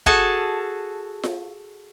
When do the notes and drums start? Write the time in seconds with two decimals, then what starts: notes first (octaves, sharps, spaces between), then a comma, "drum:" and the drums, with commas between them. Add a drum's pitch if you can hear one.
0.06 F#4 G#4 A4 A5, drum: kick
1.23 drum: snare F4